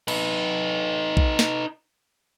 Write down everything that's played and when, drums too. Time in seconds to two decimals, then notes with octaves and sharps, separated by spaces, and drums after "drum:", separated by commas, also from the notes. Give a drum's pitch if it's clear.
0.08 D#4 B4, drum: cymbal
1.17 drum: kick A#1
1.39 drum: snare